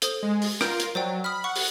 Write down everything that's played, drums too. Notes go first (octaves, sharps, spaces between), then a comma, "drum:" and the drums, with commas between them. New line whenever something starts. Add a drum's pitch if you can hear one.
A4 C5 D#6, drum: hi-hat
G#3
drum: open hi-hat
F4 A#4 G6, drum: rim click
drum: hi-hat
F#3 C5 D5 G5
B5 D#6 F6
F#5 C#6
drum: open hi-hat